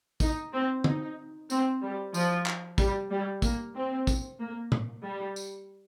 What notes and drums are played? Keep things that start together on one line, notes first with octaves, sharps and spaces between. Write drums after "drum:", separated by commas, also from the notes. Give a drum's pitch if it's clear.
D#4, drum: kick, tambourine
C4
D#4, drum: tom
C4, drum: tambourine
G3
F3, drum: tambourine
drum: clap
G3, drum: kick, tambourine
G3
A#3, drum: kick, tambourine
C4
drum: kick, tambourine
A#3
drum: tom A#2
G3
drum: tambourine